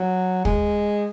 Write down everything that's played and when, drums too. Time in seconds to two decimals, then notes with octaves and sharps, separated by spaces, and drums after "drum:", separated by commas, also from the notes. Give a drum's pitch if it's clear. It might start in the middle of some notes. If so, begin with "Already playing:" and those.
Already playing: F#3
0.45 G#3, drum: kick